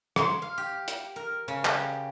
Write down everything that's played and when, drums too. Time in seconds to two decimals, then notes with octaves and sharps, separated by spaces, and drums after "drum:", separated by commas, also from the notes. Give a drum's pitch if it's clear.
0.16 C6, drum: rim click
0.42 F5
0.58 G4
0.88 drum: hi-hat
1.16 A#4
1.48 C#3
1.65 G4, drum: clap